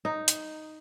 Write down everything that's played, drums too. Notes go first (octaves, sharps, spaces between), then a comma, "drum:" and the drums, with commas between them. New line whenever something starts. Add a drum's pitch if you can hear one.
D#4
drum: hi-hat